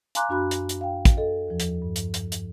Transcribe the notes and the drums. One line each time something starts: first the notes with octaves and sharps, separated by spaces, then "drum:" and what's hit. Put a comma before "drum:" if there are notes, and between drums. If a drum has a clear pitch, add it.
F5 G#5 A#5 C6 D6 F#6, drum: hi-hat
F#2 D4 F#4 B5 F#6
drum: hi-hat
drum: hi-hat
F5 G5
drum: kick, hi-hat
A4 D#5
E2 F3
drum: hi-hat
G2
drum: hi-hat
drum: hi-hat
drum: hi-hat